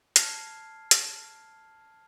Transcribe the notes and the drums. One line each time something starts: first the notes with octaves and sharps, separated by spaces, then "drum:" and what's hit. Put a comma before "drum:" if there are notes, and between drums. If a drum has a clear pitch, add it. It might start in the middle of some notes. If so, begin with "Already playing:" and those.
A5 F6 G#6 C7, drum: hi-hat
drum: hi-hat